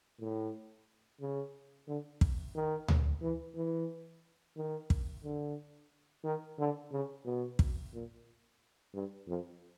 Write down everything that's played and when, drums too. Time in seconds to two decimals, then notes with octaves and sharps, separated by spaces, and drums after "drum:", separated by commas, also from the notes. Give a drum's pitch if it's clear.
0.20 A2
1.21 C#3
1.88 D3
2.21 drum: kick
2.55 D#3
2.88 drum: tom D2
3.22 E3
3.55 E3
4.56 D#3
4.90 drum: kick
5.24 D3
6.24 D#3
6.59 D3
6.92 C#3
7.25 B2
7.59 drum: kick
7.93 A#2
8.94 G2
9.27 F2